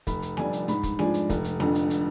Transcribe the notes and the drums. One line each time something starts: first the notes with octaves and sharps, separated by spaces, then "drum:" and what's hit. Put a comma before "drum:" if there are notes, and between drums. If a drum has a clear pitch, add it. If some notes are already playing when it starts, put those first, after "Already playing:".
F1 B5, drum: kick, hi-hat
drum: hi-hat
F2 D3 G3 D4 G#5, drum: snare
drum: hi-hat
G#2 B5, drum: hi-hat
drum: kick, hi-hat
F3 G#3 D4 G#5, drum: snare
drum: hi-hat
F1, drum: kick, hi-hat
drum: hi-hat
F2 D3, drum: snare
drum: hi-hat
drum: hi-hat